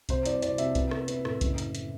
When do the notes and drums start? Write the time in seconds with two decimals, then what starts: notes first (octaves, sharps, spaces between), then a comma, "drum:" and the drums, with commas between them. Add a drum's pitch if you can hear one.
0.09 C3 C5, drum: kick C2, hi-hat
0.25 C2 D5, drum: hi-hat
0.42 C2 D5, drum: hi-hat
0.58 C3 E5, drum: hi-hat
0.75 B3, drum: kick C2, hi-hat
0.91 B3, drum: rim click
1.08 B3, drum: hi-hat
1.25 A2, drum: rim click
1.41 F#1, drum: kick C2, hi-hat
1.58 drum: hi-hat
1.75 drum: hi-hat